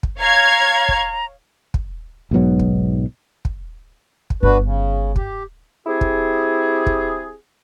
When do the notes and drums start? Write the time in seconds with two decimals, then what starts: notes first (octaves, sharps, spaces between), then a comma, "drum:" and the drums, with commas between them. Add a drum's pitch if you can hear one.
0.03 drum: kick
0.20 C#5 F5 A#5 G#6
0.89 drum: kick
1.74 drum: kick
2.31 B1 G#2 B2 F#3
2.59 drum: kick
3.45 drum: kick
4.30 drum: kick
4.43 G1 D4 F#4 B4
4.63 C#3
5.16 G4, drum: kick
5.87 C4 E4 G4 G#4
6.01 drum: kick
6.86 drum: kick